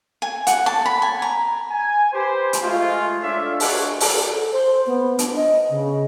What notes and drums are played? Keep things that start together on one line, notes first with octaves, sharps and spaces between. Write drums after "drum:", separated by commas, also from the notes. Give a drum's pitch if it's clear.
G#5
F#5, drum: hi-hat
A5
B5
G#5
A#5
G#5
G4 B4 C5
drum: hi-hat
G#3 A3 F4
D4 F4 A4 C#5 E5
D4 F#4 G#4 D#5 F#5, drum: open hi-hat
drum: open hi-hat
A4
C5
B3
D4, drum: hi-hat
D#5
C#3